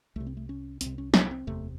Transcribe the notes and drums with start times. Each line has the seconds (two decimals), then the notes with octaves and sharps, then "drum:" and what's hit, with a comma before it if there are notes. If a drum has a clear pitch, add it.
0.16 C2 C3 A3
0.27 C4
0.37 A3
0.49 C#4
0.81 C2 C3 C4, drum: hi-hat
0.98 C#4
1.14 C#4, drum: snare
1.31 C4
1.47 F#1 E2 C3 A3